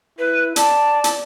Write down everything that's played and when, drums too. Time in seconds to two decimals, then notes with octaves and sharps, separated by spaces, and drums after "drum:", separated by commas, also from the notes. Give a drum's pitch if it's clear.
0.19 E4 B4
0.56 D5 A5, drum: hi-hat
1.04 drum: hi-hat